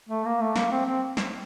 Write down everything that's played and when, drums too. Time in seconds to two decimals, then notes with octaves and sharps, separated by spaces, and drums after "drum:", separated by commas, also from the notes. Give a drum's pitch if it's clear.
0.09 A3
0.25 A#3
0.40 A3
0.56 A#3, drum: snare
0.71 C4
0.86 C4
1.17 drum: snare